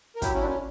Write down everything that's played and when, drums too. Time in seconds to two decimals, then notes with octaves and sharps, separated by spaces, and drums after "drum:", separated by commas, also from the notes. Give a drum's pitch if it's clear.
0.16 A#4
0.22 F#3 E4 G4, drum: kick, hi-hat
0.34 C#4 E4
0.41 A#2 D4
0.47 C#4